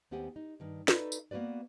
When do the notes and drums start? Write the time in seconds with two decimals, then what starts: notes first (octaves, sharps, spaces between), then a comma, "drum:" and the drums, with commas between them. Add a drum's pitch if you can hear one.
0.11 D#2 B3 C4 G4 F#5 G#5
0.36 D#4
0.60 G2 D#3
0.88 D#4 F#4 A4 B4 D5 E5, drum: snare
1.12 drum: tambourine
1.31 A#3 B3 F#4 B4 D5